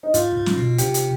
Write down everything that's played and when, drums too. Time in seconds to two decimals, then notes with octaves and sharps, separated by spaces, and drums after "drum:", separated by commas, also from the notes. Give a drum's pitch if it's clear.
0.03 D#4
0.14 G#2 F4, drum: hi-hat
0.36 G#2
0.46 drum: snare
0.57 B2
0.78 C3 G4, drum: hi-hat
0.94 drum: hi-hat